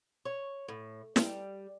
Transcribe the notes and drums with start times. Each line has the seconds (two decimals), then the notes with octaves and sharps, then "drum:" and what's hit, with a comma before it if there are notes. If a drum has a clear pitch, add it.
0.25 C#5
0.68 A2
1.16 G3, drum: snare